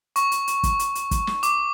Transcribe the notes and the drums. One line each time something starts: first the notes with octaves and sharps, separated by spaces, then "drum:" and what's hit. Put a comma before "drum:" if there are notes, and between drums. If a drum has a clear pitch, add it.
C#6, drum: hi-hat
drum: hi-hat
drum: hi-hat
drum: kick, hi-hat
drum: hi-hat
drum: hi-hat
drum: kick, hi-hat
drum: snare
D6, drum: hi-hat